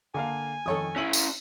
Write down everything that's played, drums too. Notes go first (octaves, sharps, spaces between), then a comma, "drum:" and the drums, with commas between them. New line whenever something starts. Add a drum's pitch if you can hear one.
D3 A#3 F5 G#5
F2 D#3 A4 C#5 D#6
C#4 E4 E6 D#7 F#7
drum: tambourine